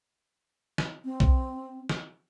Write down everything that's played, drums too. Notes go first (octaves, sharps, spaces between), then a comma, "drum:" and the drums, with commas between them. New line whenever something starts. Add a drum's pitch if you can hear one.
drum: snare
C4
drum: kick B1
drum: snare